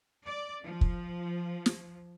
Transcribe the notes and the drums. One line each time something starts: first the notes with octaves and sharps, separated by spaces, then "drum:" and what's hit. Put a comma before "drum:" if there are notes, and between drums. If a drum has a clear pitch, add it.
D5
F3
drum: kick
drum: snare